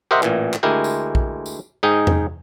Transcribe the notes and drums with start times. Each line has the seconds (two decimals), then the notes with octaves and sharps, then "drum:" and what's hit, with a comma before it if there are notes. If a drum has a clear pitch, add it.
0.11 G4 A#4 C5 D#5 E5 F#5
0.23 A1 A#2 E3, drum: clap
0.53 drum: clap
0.63 D2 G#3 E4 G4 A#4 G5
0.84 drum: tambourine
1.15 drum: kick A#1
1.46 drum: tambourine
1.83 G#2 D#4 G#4 G5
2.07 drum: tom E2